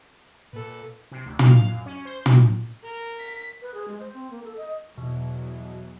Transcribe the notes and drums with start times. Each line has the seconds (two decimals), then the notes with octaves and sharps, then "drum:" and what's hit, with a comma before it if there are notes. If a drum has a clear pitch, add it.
0.53 A#2 A4 B4
1.12 C3
1.26 D2
1.39 F5, drum: tom
1.66 F#2
1.86 C#4
2.05 C5
2.26 drum: tom
2.83 A#4
3.19 B6
3.62 B4
3.74 G#4
3.88 G#3
4.00 C5
4.14 C4
4.31 A#3
4.44 A4
4.57 D#5
4.97 E2 B2 E3 F#3